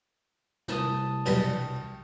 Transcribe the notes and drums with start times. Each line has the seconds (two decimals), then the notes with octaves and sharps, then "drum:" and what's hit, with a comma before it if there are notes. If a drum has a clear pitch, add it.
0.68 C2 A5 D#6, drum: snare
1.26 G2 B2 G3, drum: cymbal